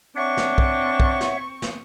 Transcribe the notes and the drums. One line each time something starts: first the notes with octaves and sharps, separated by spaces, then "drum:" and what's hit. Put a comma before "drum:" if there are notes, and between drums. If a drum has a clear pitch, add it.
C4 D4 C#5 E5 F#5 C#6
drum: snare
drum: kick
drum: kick
drum: snare
drum: snare